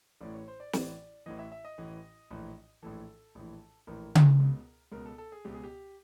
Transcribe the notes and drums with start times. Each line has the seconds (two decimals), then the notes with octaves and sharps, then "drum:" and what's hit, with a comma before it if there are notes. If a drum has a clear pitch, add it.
0.21 A1 A2 E3 D5
0.34 C#5
0.48 C5
0.60 D5
0.73 A1 A2 E3 D5, drum: snare
1.26 A1 A2 E3 D#5
1.39 E5
1.52 E5
1.65 D#5
1.78 A1 A2 E3
2.31 A#1 A2 E3
2.82 A#1 A2 E3 A4
3.35 A#1 A2 E3
3.87 A#1 A2 E3 A#4
4.15 drum: tom C#3
4.40 C#2 B2
4.92 C#2 B2 A#4
5.06 A4
5.18 A4
5.32 G#4
5.45 C#2 B2 G4
5.54 G#4
5.64 G4